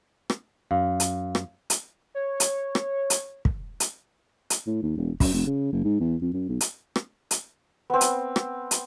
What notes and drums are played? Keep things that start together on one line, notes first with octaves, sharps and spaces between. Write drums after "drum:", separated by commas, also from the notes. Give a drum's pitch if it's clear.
drum: rim click
F#2 F5
drum: hi-hat
drum: rim click
drum: hi-hat
C#5
drum: hi-hat
drum: rim click
drum: hi-hat
drum: kick
drum: hi-hat
drum: hi-hat
A2
D#2
E1
F#2, drum: kick, open hi-hat
F1
C#3
F#1
G#2
E2
F2
F#2
B1
drum: hi-hat
drum: rim click
drum: hi-hat
B3 C4
drum: hi-hat
drum: rim click
drum: hi-hat